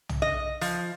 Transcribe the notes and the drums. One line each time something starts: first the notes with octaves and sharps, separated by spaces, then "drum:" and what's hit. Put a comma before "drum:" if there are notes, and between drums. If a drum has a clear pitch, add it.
drum: tom
D#5
F3, drum: open hi-hat